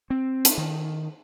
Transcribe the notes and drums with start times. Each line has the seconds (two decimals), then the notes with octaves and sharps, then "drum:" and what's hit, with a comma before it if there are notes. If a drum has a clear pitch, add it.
0.10 C4
0.45 drum: hi-hat
0.58 D#3